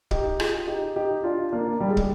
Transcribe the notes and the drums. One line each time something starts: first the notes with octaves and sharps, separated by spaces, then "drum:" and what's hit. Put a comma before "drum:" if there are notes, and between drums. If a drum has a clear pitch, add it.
D#4 G4, drum: kick
F4 G#4, drum: rim click
D#4 G4
D#4 G4
D4 F4
A#3 D4
G3
G#3
G3, drum: kick